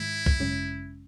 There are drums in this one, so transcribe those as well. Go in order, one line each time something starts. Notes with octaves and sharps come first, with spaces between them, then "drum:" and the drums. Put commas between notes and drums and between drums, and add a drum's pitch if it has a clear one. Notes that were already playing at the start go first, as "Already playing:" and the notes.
Already playing: G#2 D#3 G#3 E4
drum: kick
G#1 F#2 C#3 G#3 C#4